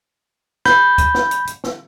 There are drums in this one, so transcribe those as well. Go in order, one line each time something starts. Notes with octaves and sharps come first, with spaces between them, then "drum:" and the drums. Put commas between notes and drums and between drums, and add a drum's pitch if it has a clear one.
B5 G6, drum: snare
drum: kick, hi-hat
drum: snare
drum: hi-hat
drum: hi-hat
drum: snare